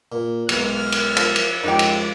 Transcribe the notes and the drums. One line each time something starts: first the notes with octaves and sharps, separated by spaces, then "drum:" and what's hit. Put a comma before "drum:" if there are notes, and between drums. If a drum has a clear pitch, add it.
A#2
B1 G#2 B5 F6, drum: cymbal
drum: cymbal
F3, drum: cymbal
drum: cymbal
F2 G#2 C#4 D#4 G4 D6
drum: cymbal